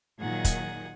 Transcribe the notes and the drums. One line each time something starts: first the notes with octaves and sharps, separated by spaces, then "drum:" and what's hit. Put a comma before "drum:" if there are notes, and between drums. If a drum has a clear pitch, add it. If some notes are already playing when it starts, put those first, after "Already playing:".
A#2 D#3 F#3 G#4 F#5
drum: kick, hi-hat